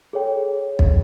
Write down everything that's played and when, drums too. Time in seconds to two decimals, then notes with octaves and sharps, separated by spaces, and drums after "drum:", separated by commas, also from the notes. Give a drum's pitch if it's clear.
0.13 G#4 A4 C#5 G5
0.79 drum: kick